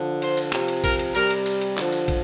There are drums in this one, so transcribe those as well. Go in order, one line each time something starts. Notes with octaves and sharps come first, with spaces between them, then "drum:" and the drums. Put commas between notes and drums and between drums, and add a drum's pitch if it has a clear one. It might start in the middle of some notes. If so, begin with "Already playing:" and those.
Already playing: D3 F3
C5, drum: cymbal
drum: cymbal
C3 F3, drum: clap
drum: cymbal
A#4, drum: kick, cymbal
drum: cymbal
C3 G3 A#4, drum: cymbal
drum: cymbal
drum: cymbal
drum: cymbal
D3 F3, drum: clap
drum: cymbal
drum: kick, cymbal